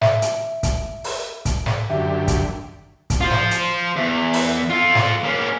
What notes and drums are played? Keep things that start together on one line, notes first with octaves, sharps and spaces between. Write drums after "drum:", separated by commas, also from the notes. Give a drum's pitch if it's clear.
E5, drum: snare
drum: hi-hat
drum: kick, hi-hat
drum: open hi-hat
drum: kick, hi-hat
drum: snare
F#2 D3 G4 E5
drum: kick, hi-hat
drum: kick, hi-hat
F4 C5
drum: snare
drum: hi-hat
E2
drum: open hi-hat
F4 A4
drum: snare
A#3 C#4